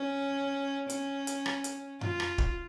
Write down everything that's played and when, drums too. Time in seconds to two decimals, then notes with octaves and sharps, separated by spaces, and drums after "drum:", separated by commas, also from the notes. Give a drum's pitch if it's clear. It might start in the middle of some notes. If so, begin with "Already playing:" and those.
Already playing: C#4
0.90 C#4, drum: hi-hat
1.27 drum: hi-hat
1.46 drum: rim click
1.64 drum: hi-hat
2.01 F4, drum: tom F#2
2.20 drum: rim click
2.38 drum: kick